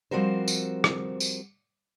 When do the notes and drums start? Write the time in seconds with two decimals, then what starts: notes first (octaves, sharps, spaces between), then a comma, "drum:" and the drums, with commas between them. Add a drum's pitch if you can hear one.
0.11 F3 G3 C4 F#4 A#4 C5
0.48 drum: tambourine
0.84 drum: rim click
1.20 drum: tambourine